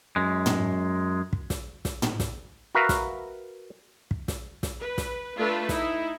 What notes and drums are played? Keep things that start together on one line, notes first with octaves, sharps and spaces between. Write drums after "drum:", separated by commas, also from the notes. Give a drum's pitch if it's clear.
F#2 G#3
drum: tom
drum: kick
drum: snare
drum: snare
drum: tom
drum: snare
F#4 A#4 B4 E5 F5
drum: snare
drum: kick
drum: snare
drum: snare
B4
drum: snare
A3 D4 F4 A4 B4
D#4 E4, drum: snare